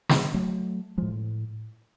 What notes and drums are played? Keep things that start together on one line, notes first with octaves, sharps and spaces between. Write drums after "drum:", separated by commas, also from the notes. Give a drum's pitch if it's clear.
drum: snare
F#3 A3
A2 F3 G#3